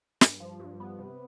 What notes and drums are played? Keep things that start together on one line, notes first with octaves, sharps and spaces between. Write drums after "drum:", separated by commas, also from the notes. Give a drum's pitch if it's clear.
G2, drum: snare
F3
G2
B3
C3